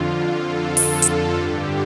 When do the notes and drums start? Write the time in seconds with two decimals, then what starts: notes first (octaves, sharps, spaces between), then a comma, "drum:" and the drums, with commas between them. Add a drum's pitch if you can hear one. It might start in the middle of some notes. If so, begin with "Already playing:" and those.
Already playing: F2 D3 F4
0.36 A4
0.77 drum: open hi-hat
1.02 drum: hi-hat
1.33 G2 D3 G4